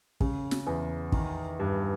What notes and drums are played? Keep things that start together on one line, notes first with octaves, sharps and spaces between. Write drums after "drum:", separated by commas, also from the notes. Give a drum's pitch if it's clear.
C#3, drum: kick
drum: snare
E2
D#3, drum: kick
G2